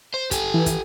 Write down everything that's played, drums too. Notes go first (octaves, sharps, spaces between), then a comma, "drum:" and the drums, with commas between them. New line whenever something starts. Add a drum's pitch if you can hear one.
C5
G4 A4 G#5, drum: kick, hi-hat
E3
drum: kick, hi-hat